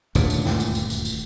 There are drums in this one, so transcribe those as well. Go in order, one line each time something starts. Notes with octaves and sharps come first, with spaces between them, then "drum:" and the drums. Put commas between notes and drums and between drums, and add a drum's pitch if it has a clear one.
D#1 D2 G2 A#2, drum: tambourine
drum: tambourine
drum: snare
drum: tambourine
drum: tambourine
drum: tambourine
drum: tambourine